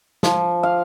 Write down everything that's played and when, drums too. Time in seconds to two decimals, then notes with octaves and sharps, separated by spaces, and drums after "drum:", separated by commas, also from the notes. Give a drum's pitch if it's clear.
0.23 F3, drum: snare
0.63 F5